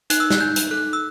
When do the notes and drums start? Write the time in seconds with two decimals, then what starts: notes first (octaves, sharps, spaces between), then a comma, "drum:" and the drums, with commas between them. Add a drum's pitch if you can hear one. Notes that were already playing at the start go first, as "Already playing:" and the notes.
0.10 D#4 F#6, drum: hi-hat
0.20 E6
0.30 F#6, drum: snare
0.40 D#4 G6
0.56 drum: hi-hat
0.71 A4 F#6
0.93 E6